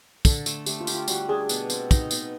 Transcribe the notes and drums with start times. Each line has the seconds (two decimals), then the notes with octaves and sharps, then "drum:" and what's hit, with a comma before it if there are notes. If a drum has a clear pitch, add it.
0.25 D3 A4, drum: kick, tambourine
0.46 A3, drum: tambourine
0.66 A3 G4, drum: tambourine
0.81 F4
0.87 G4, drum: tambourine
0.94 F4
1.08 G3 F#4, drum: tambourine
1.29 D4 G#4
1.49 B2, drum: tambourine
1.70 C4, drum: tambourine
1.91 D#4, drum: kick, tambourine
2.11 B3, drum: tambourine